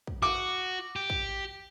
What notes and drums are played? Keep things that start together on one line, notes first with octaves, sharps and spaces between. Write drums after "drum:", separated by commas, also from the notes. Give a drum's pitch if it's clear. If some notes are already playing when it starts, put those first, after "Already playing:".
drum: kick
F#4 D6
G4
drum: kick